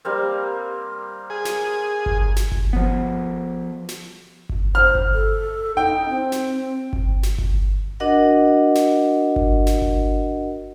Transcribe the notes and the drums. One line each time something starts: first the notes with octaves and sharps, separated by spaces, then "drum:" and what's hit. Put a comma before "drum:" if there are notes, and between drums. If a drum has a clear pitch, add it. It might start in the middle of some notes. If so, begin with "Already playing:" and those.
G3 A#3 C4
G#4
drum: snare
drum: kick G1
drum: snare
drum: kick G1
F3 B3
drum: snare
drum: kick G1
C5 F6
drum: kick G1
A4
D#4 G5
C4
drum: snare
drum: kick G1
drum: snare
drum: kick G1
D4 F#4 A#4 D#5 F#5
drum: snare
drum: kick G1
drum: snare
drum: kick G1